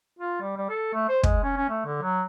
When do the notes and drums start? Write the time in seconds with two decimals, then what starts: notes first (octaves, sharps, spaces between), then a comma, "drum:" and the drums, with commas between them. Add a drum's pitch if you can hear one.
0.19 F4
0.41 G3
0.57 G3
0.69 A4
0.93 A3
1.09 C5
1.23 G#3, drum: kick
1.43 C#4
1.57 C#4
1.70 A3
1.85 D3
2.02 F#3